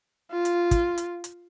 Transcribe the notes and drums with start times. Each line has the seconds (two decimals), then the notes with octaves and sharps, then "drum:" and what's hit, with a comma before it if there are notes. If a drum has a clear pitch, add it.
0.32 F4
0.45 drum: hi-hat
0.71 drum: kick, hi-hat
0.98 drum: hi-hat
1.24 drum: hi-hat